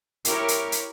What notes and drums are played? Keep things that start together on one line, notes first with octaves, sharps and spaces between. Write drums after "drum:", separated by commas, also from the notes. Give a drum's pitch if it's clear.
E4 G4 A#4 C#5, drum: hi-hat
drum: hi-hat
drum: hi-hat